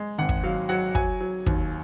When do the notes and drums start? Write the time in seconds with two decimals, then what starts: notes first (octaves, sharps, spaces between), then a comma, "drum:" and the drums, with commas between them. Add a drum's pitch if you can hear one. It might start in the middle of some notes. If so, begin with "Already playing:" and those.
Already playing: G#3
0.18 G#1 F#5
0.29 drum: kick
0.44 F#3 F5
0.69 F#3 F#5
0.95 F#3 G#5, drum: kick
1.20 F#3
1.46 D#2, drum: kick